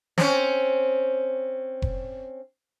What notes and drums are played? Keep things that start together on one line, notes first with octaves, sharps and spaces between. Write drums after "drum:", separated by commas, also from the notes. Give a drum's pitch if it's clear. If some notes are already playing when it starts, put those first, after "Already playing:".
C4 C#4, drum: snare
drum: kick F1